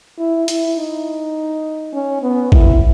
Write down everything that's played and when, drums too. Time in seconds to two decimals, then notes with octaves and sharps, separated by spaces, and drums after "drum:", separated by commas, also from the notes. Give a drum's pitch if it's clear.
0.19 E4
0.48 E4, drum: hi-hat
0.78 D#4
1.93 C#4
2.22 B3
2.52 E4, drum: kick G#1